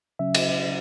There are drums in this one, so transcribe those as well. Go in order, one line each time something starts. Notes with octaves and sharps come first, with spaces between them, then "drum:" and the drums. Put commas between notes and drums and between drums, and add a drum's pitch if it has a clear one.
C#3 F#3 C#4 E5
drum: cymbal